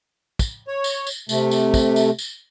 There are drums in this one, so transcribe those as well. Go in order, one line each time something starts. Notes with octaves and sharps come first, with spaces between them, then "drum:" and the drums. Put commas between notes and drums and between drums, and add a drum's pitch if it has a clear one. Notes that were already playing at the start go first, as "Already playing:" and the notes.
drum: kick, tambourine
C#5
drum: tambourine
drum: tambourine
C3 A3, drum: tambourine
drum: tambourine
drum: kick, tambourine
drum: tambourine
drum: tambourine